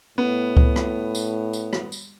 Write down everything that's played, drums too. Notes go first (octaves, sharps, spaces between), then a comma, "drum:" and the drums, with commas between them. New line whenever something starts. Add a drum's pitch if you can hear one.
A2 B3
drum: kick C#2
drum: rim click
drum: tambourine
drum: tambourine
drum: rim click
drum: tambourine